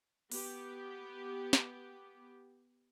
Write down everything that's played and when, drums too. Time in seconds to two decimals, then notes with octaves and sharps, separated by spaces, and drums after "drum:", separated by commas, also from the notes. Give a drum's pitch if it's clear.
0.32 B3 G4, drum: open hi-hat
1.53 drum: snare